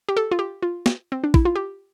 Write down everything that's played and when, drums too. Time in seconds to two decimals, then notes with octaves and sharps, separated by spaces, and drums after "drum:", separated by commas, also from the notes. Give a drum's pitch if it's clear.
0.09 G4
0.17 A4
0.31 F4
0.39 G4
0.62 F4
0.86 drum: snare
1.12 C4
1.24 D4
1.34 E4, drum: kick
1.45 F4
1.56 G4